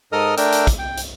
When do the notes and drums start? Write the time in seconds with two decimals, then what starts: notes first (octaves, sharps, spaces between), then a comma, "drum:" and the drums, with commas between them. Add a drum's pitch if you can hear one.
0.13 G#2 A4 A#4 D#5 D#6 F6
0.37 A3 D4 A#4 G5 E6, drum: hi-hat
0.52 drum: hi-hat
0.67 drum: kick, hi-hat
0.79 G5
0.97 drum: hi-hat